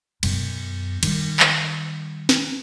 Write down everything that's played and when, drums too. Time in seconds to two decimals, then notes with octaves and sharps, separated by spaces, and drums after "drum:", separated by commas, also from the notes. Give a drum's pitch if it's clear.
0.23 F#2 B2, drum: cymbal
1.03 D#3 G3, drum: cymbal
1.40 drum: clap
2.29 drum: snare